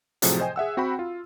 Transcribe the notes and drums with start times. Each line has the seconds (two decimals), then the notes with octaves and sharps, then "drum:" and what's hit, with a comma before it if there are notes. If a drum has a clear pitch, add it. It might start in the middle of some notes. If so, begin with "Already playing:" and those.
0.22 A2 C3 F3 F#3 G#4, drum: hi-hat
0.40 C5 D#5 G5 G#5
0.56 G#4 E5 F#5 E6
0.77 C4 F#4 F#5 G5 B5
0.99 F4